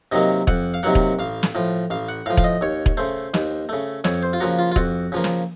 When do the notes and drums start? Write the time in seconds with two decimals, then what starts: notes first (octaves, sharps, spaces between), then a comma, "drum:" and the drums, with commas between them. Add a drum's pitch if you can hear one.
0.12 C3 D#3 F#3 A#3 D#5
0.47 F2 F#5, drum: kick E1
0.74 F5
0.83 C3 D#3 F#3 A#3 F#5
0.95 drum: kick E1
1.19 A1 F5
1.43 drum: snare
1.55 A2 F3
1.90 A1 F5
2.09 F#5
2.26 A2 F3 F5
2.37 F5, drum: kick E1
2.44 D#5
2.61 D#2 C#5
2.86 drum: kick E1
2.97 C#3 A3 C5
3.34 D#2, drum: snare
3.69 C#3 A3
4.04 F2 C#5, drum: snare
4.23 C5
4.33 F4
4.40 C#3 F3 A#3 F#4
4.59 F4
4.72 F4
4.76 F2 F#4, drum: kick E1
5.12 C#3 F3 A#3
5.24 drum: snare